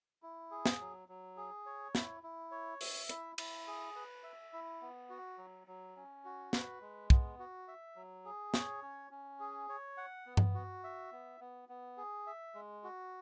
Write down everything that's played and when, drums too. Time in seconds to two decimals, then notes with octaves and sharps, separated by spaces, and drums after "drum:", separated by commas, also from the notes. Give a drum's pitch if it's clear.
0.22 E4
0.51 G#4
0.66 drum: snare
0.80 F#3
1.08 F#3
1.37 G#4
1.66 C#5
1.95 E4, drum: snare
2.23 E4
2.51 C#5
2.81 E5, drum: open hi-hat
3.09 E4, drum: hi-hat
3.38 E4, drum: cymbal
3.67 G#4
3.96 B4
4.23 E5
4.53 E4
4.82 B3
5.10 F#4
5.38 F#3
5.67 F#3
5.96 C#4
6.25 F#4
6.53 B4, drum: snare
6.81 G#3
7.10 B3, drum: kick
7.39 F#4
7.68 E5
7.96 F#3
8.25 G#4
8.54 C#5, drum: snare
8.82 C#4
9.11 C#4
9.40 G#4
9.69 C#5
9.97 F#5
10.26 B3
10.37 drum: tom G2
10.54 F#4
10.84 E5
11.12 B3
11.40 B3
11.69 B3
11.98 G#4
12.27 E5
12.55 G#3
12.84 F#4